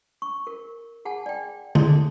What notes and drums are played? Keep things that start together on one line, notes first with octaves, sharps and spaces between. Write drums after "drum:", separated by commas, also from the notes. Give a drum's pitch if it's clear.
C#6
A#4
G#4 F#5 G#5 A5
D5 G5
E4 G#4 A4 D5 A5 C6, drum: tom D3